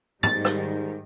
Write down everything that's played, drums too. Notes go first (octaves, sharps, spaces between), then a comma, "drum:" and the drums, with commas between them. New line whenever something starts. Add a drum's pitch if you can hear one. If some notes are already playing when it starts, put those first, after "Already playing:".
G#2 D#3 G3 A6, drum: tom G#2
drum: rim click